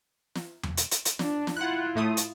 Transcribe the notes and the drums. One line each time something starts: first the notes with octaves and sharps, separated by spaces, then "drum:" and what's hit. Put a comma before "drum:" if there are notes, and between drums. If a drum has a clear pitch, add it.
drum: snare
drum: tom E2
drum: hi-hat
drum: hi-hat
drum: hi-hat
D4, drum: snare
drum: snare
E4 F4 F#5 F#6
A2 A3 D#6
drum: hi-hat